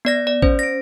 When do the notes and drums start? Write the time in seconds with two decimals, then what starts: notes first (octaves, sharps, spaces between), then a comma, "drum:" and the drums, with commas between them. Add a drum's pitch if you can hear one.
0.05 B3 D5 A#6
0.27 D5
0.42 C#4 C5, drum: kick A1
0.59 A#6 D7